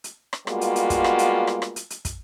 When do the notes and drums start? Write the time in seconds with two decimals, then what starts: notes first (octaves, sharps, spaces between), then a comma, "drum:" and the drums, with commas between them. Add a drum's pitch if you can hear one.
0.04 drum: hi-hat
0.33 drum: rim click
0.47 G3 G#3 A#3 B3 F4 F#4, drum: rim click
0.61 drum: hi-hat
0.76 drum: hi-hat
0.90 drum: kick, hi-hat
1.04 drum: rim click
1.19 drum: hi-hat
1.47 drum: rim click
1.62 drum: rim click
1.76 drum: hi-hat
1.90 drum: hi-hat
2.05 drum: kick, hi-hat